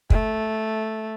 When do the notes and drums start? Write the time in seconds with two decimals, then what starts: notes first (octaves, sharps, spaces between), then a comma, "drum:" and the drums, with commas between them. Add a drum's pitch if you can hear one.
0.10 A3, drum: kick